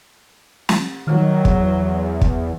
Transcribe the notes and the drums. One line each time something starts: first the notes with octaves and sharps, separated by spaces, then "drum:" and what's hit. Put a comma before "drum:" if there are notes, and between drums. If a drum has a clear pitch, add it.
drum: snare
D#3 F#3
E2, drum: kick
drum: kick